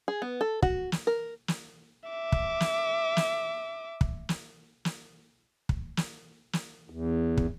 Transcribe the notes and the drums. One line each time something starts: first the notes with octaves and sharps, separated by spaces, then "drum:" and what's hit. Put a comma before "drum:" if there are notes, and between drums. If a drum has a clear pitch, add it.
G#4
B3
A4
F#4, drum: kick
drum: snare
A#4
drum: snare
E5 D6
drum: kick
drum: snare
drum: snare
drum: kick
drum: snare
drum: snare
drum: kick
drum: snare
drum: snare
E2
drum: kick